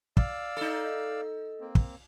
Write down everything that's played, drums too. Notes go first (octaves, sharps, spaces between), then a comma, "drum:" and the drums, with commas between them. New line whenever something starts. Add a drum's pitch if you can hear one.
D5 F5 E6, drum: kick
D#4 A4
A#3 C4
drum: kick